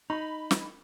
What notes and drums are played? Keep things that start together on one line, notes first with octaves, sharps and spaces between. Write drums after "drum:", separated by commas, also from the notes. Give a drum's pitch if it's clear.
D#4 B5
drum: snare